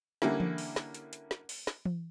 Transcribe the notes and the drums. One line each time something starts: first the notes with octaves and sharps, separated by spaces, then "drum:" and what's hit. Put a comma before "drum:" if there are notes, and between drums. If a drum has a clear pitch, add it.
D3 G3 A#3 C#4 E4, drum: snare
drum: tom E3
drum: open hi-hat
drum: snare
drum: hi-hat
drum: hi-hat
drum: snare
drum: open hi-hat
drum: snare
drum: tom E3